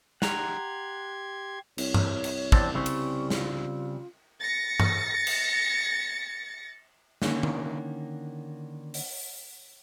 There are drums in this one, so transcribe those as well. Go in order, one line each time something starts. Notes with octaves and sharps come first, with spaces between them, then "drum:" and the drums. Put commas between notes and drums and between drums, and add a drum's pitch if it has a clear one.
G4 F#5 A#5 C6 G#6, drum: snare
C2 C#5, drum: cymbal
drum: tom G2
drum: cymbal
E2 C4 D4, drum: kick
C#3 G3 C4 C#6
drum: cymbal
F4, drum: snare
A6 A#6 C#7
drum: tom G2
drum: cymbal
D3 D#3 A#3 C#4 E4 C#5, drum: snare
drum: tom D3
drum: open hi-hat